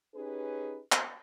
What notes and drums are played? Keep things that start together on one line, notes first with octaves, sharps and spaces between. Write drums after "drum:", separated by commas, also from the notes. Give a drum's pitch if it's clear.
C#4 D#4 G4 G#4 B4
drum: clap